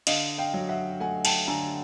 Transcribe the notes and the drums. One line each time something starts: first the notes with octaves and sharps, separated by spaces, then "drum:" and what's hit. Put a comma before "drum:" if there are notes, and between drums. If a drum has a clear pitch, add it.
D3 D#5 F5, drum: cymbal
F5 G5
F#3
E5 F#5
A3 F#5 G#5
G5 A5, drum: cymbal
D3 G#5 A#5